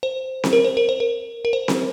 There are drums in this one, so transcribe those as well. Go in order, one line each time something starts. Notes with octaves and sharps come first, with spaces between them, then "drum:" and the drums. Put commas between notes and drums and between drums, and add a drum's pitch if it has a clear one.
C5
drum: snare C4
A#4
C5
A#4
C5
A#4
A#4
C5
drum: snare C4